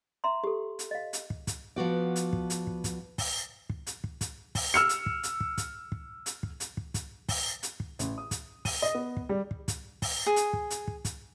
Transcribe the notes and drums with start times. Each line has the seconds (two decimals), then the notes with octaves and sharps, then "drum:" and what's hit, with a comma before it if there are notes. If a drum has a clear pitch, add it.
0.24 E5 A#5 C6
0.44 G4 A4
0.79 drum: hi-hat
0.91 D#5 F5
1.13 drum: hi-hat
1.30 drum: kick
1.47 drum: kick, hi-hat
1.76 F3 B3 F#4 D5
2.16 drum: hi-hat
2.33 drum: kick
2.50 drum: hi-hat
2.67 drum: kick
2.84 drum: kick, hi-hat
3.18 drum: kick, open hi-hat
3.70 drum: kick
3.87 drum: hi-hat
4.04 drum: kick
4.21 drum: kick, hi-hat
4.55 drum: kick, open hi-hat
4.74 E6 F6 C#7
4.89 drum: hi-hat
5.06 drum: kick
5.23 drum: hi-hat
5.40 drum: kick
5.58 drum: kick, hi-hat
5.92 drum: kick
6.26 drum: hi-hat
6.43 drum: kick
6.60 drum: hi-hat
6.77 drum: kick
6.94 drum: kick, hi-hat
7.29 drum: kick, open hi-hat
7.63 drum: hi-hat
7.80 drum: kick
7.99 A1, drum: hi-hat
8.18 D#6
8.31 drum: kick, hi-hat
8.65 D#7, drum: kick, open hi-hat
8.82 D#5
8.95 B3
9.17 drum: kick
9.29 G3
9.51 drum: kick
9.68 drum: kick, hi-hat
10.02 drum: kick, open hi-hat
10.26 G#4
10.36 drum: hi-hat
10.53 drum: kick
10.70 drum: hi-hat
10.88 drum: kick
11.05 drum: kick, hi-hat